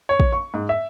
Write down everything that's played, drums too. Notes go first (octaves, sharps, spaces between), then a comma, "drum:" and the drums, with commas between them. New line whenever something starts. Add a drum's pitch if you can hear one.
C#5
drum: kick
C#6
G#2
E5